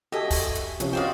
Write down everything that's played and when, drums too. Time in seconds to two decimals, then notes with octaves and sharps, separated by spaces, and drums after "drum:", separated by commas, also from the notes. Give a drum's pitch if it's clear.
0.12 F#4 G4 A4 D#5 E5 G#5
0.31 drum: kick, open hi-hat
0.55 drum: hi-hat
0.80 C3 F3 C#4, drum: hi-hat
0.93 F4 F#4 C5 D5 D#5 F5 G5